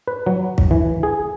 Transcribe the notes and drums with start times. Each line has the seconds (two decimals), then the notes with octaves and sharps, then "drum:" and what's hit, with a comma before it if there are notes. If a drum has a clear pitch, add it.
0.08 B4
0.26 F#3
0.58 drum: kick
0.71 E3
1.03 G#4